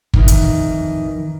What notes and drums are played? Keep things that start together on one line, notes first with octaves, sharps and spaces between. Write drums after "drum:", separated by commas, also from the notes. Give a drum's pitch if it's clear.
F2 D#3 E3, drum: kick
drum: hi-hat